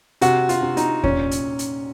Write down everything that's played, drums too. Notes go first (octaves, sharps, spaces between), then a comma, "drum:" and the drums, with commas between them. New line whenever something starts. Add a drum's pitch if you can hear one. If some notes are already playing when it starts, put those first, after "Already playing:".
C3 F#4, drum: hi-hat
F4, drum: hi-hat
C3
D#4, drum: hi-hat
A#2 C#4, drum: kick E2
drum: hi-hat
drum: hi-hat